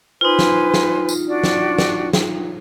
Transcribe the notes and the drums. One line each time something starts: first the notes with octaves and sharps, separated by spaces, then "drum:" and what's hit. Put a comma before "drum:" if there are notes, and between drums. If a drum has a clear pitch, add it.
D#4 F4 B4 C5 G#5
drum: snare
drum: snare
drum: tambourine
D4 F#4 D5
drum: snare
drum: snare
drum: snare